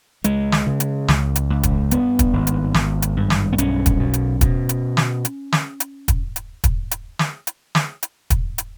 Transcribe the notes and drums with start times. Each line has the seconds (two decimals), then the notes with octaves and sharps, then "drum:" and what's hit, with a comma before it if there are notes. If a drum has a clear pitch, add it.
0.24 C#2 G#3, drum: hi-hat
0.52 drum: snare
0.67 C#3
0.80 drum: hi-hat
1.08 C#2, drum: snare
1.36 drum: hi-hat
1.50 C#2
1.63 drum: kick, hi-hat
1.91 G2 B3, drum: hi-hat
2.19 drum: kick, hi-hat
2.33 G#1
2.47 drum: hi-hat
2.74 G#1, drum: snare
3.02 drum: hi-hat
3.17 G2
3.30 drum: snare
3.53 B3
3.58 B1 C#4, drum: hi-hat
3.86 drum: kick, hi-hat
4.00 B2
4.14 drum: hi-hat
4.41 B2, drum: kick, hi-hat
4.69 drum: hi-hat
4.97 drum: snare
5.25 drum: hi-hat
5.52 drum: snare
5.80 drum: hi-hat
6.08 drum: kick, hi-hat
6.36 drum: hi-hat
6.64 drum: kick, hi-hat
6.91 drum: hi-hat
7.19 drum: snare
7.47 drum: hi-hat
7.75 drum: snare
8.03 drum: hi-hat
8.30 drum: kick, hi-hat
8.58 drum: hi-hat